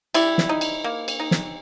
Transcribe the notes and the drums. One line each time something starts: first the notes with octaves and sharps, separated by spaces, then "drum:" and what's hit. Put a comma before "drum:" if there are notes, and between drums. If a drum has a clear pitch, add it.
G3 E4, drum: cymbal
drum: snare
D#4
drum: cymbal
A#3
drum: cymbal
D#4
drum: snare